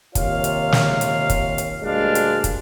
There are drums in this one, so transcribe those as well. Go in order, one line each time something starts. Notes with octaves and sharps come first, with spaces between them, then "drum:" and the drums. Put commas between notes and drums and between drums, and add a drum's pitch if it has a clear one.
D#2 C3 F4 C#5 F5, drum: kick, hi-hat
drum: hi-hat
drum: snare
drum: hi-hat
drum: kick, hi-hat
drum: hi-hat
D2 A#2 G3 G#3 D4 F5
drum: hi-hat
drum: kick, hi-hat